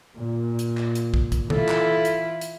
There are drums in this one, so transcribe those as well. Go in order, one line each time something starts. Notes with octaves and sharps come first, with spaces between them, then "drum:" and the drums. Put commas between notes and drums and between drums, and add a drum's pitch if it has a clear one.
A#2
drum: hi-hat
drum: clap
drum: hi-hat
drum: kick
drum: kick, hi-hat
E3 E4 F4 A4, drum: tom B2
drum: clap
drum: hi-hat
drum: hi-hat